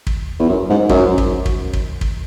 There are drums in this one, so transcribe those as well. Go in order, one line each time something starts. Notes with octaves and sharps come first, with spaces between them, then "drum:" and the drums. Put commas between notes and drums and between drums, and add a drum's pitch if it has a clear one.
drum: kick
E2
F#2
G#2
F#2, drum: kick
drum: kick
drum: kick
drum: kick
drum: kick